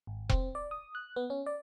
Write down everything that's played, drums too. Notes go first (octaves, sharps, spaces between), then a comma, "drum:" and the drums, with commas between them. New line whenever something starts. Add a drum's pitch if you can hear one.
G#1
C4, drum: kick E1
D5
D#6
F#6
B3
C#4
D5